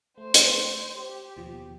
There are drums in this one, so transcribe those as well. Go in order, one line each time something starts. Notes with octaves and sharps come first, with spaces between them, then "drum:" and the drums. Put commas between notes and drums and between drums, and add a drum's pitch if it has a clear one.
A3 C5
drum: hi-hat
G4 C5
D#2 B2 F3